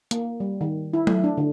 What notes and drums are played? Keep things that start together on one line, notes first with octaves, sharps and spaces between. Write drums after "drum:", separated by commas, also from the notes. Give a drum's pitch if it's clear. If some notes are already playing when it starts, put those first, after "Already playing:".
A#3, drum: hi-hat
G3
D#3
E4
A3, drum: tom F#3
D4
D3